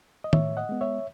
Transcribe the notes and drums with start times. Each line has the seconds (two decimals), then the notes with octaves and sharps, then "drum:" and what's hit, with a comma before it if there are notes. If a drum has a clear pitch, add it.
0.24 D#5
0.33 A2 C#5 E5, drum: tom
0.57 D#5 F#5
0.69 G#3 B3
0.81 C#5 E5